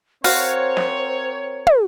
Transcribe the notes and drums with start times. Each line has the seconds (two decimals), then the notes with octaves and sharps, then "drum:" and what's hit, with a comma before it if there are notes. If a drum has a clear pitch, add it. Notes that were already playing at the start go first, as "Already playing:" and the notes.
0.24 C4 F#4 A#4 C5 C#5 F5, drum: open hi-hat
0.77 drum: snare
1.67 drum: tom